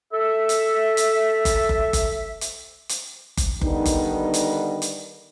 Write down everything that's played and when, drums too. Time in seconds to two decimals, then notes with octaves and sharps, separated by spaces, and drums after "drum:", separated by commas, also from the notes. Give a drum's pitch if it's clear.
0.12 A4 E5
0.49 drum: hi-hat
0.97 drum: hi-hat
1.45 drum: kick F#1, hi-hat
1.69 drum: kick F#1
1.93 drum: kick F#1, hi-hat
2.41 drum: hi-hat
2.89 drum: hi-hat
3.37 drum: kick F#1, hi-hat
3.61 D3 D#3 G3 B3 D#4, drum: kick F#1
3.86 drum: kick F#1, hi-hat
4.34 drum: hi-hat
4.82 drum: hi-hat